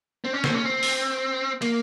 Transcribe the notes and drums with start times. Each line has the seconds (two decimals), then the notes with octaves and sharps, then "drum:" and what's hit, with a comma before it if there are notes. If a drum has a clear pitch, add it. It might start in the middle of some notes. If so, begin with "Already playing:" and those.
0.24 C4
0.33 C#4
0.44 C4, drum: snare
0.55 C#4
0.65 C4
0.83 drum: open hi-hat
1.62 A#3, drum: cymbal